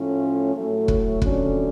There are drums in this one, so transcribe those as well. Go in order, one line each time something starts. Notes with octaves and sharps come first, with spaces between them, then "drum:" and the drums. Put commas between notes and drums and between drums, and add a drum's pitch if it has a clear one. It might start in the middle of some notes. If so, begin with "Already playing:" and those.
Already playing: A2 F3 A3 C#4 F4
A2 F#3 A3
drum: kick
F2 D3 F#3 A3 C#4, drum: kick